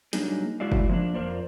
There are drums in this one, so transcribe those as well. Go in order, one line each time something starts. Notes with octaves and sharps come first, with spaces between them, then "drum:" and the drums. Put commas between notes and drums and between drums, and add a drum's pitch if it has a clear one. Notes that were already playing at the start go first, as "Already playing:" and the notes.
F#3 G3 A#3 D4 D#4 G#4, drum: hi-hat
G#3 E4 F#4 D5 E5 F5
drum: kick F#1
F3 A#3 D4
F2 F4 A#4 C5 D5